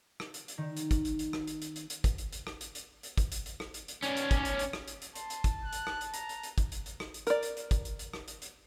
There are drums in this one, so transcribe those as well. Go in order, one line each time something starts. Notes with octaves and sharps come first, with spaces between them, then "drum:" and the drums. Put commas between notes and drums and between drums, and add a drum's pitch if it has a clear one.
drum: rim click
drum: hi-hat
drum: hi-hat
D#3
drum: hi-hat
drum: kick, hi-hat
drum: hi-hat
drum: hi-hat
drum: rim click
drum: hi-hat
drum: hi-hat
drum: hi-hat
drum: hi-hat
drum: kick, hi-hat
drum: hi-hat
drum: hi-hat
drum: rim click
drum: hi-hat
drum: hi-hat
drum: hi-hat
drum: kick, hi-hat
drum: hi-hat
drum: hi-hat
drum: rim click
drum: hi-hat
drum: hi-hat
C#4 D5, drum: hi-hat
drum: hi-hat
drum: kick, hi-hat
drum: hi-hat
drum: hi-hat
drum: rim click
drum: hi-hat
drum: hi-hat
A5 C6, drum: hi-hat
drum: hi-hat
drum: kick, hi-hat
F#6
drum: hi-hat
drum: rim click
drum: hi-hat
A#5, drum: hi-hat
drum: hi-hat
drum: hi-hat
drum: kick, hi-hat
drum: hi-hat
drum: hi-hat
drum: rim click
drum: hi-hat
A#4 D5, drum: hi-hat
drum: hi-hat
drum: hi-hat
drum: kick, hi-hat
drum: hi-hat
drum: hi-hat
drum: rim click
drum: hi-hat
drum: hi-hat